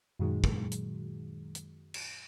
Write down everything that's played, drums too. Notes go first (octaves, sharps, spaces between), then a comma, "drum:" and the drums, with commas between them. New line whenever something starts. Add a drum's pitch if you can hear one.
F#2 A#2 D#3 F#3 G#3
drum: kick
drum: hi-hat
drum: hi-hat
drum: cymbal